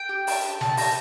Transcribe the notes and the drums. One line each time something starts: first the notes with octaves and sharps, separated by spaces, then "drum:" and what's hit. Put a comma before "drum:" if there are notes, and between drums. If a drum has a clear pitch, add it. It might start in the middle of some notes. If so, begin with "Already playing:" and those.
Already playing: G5
G4
D4, drum: open hi-hat
G4
D4 A5, drum: snare
G4 A#5, drum: open hi-hat